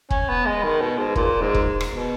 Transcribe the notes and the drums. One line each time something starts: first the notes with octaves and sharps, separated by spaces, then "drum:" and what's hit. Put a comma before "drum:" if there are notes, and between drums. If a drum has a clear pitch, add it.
C#4, drum: kick
B3
G#3
D#3
B2
G#2
A#2, drum: kick
G#2
drum: kick
drum: rim click
B2